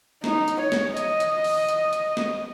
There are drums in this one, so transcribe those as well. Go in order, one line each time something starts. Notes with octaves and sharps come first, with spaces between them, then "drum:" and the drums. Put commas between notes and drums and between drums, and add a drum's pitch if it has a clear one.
D#4, drum: snare
drum: hi-hat
C#5
drum: snare
D#5, drum: hi-hat
drum: hi-hat
drum: open hi-hat
drum: hi-hat
drum: hi-hat
drum: snare